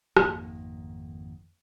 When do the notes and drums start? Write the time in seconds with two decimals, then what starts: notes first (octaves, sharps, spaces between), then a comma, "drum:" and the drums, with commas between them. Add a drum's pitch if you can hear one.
0.17 G#1 F2 D#3 A#3, drum: rim click